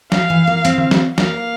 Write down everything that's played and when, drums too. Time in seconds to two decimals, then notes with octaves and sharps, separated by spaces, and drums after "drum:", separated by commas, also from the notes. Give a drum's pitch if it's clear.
0.12 F3 F5, drum: snare
0.30 E3
0.47 A#3
0.65 C4, drum: hi-hat
0.78 drum: tom D3
0.91 drum: snare
1.18 A#3 F5, drum: snare